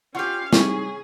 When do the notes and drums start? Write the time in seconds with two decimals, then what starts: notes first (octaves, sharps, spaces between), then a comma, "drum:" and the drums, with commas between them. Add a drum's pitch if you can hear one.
0.15 C#4 F4 G4 F5 F#5 C#6
0.53 G3 C4 C#4 D#4 E4 G#4 C5, drum: snare